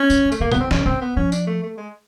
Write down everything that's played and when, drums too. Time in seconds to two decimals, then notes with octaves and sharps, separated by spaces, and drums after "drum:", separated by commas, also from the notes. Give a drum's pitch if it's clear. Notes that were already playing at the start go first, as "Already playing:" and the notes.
Already playing: C#4
0.10 D3, drum: tambourine
0.25 D3
0.32 A3, drum: tambourine
0.40 D3 A#3
0.52 C#3 B3, drum: tom A#2
0.60 C4
0.71 C3 C#4, drum: snare
0.86 C#3 C4
1.01 B3
1.16 F3 C#4
1.32 D4, drum: tambourine
1.47 A3
1.63 A3
1.78 G#3